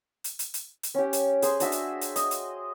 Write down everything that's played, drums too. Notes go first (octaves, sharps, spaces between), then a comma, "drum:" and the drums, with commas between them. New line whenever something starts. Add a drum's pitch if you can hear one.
drum: hi-hat
drum: hi-hat
drum: hi-hat
drum: hi-hat
C#4 G4
drum: hi-hat
G#4 C5, drum: hi-hat
D4 F#4 E5, drum: hi-hat
drum: hi-hat
drum: hi-hat
D#5, drum: hi-hat
drum: hi-hat